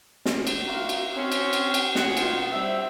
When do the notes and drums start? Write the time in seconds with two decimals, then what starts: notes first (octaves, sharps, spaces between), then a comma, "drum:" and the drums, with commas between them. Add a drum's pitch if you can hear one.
0.25 drum: snare
0.47 drum: cymbal
0.67 D#4 F4 F#4 A#4 E5 F5
0.89 drum: cymbal
1.17 C4 C#4 F#4
1.32 drum: cymbal
1.53 drum: cymbal
1.74 drum: cymbal
1.95 G#4 F#5, drum: snare
2.17 B2 D#4 F4, drum: cymbal
2.52 G3 C4 E5